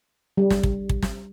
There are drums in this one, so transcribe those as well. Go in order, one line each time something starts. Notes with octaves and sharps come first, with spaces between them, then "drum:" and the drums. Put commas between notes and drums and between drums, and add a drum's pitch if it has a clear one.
G3
drum: snare
drum: kick
drum: kick
drum: snare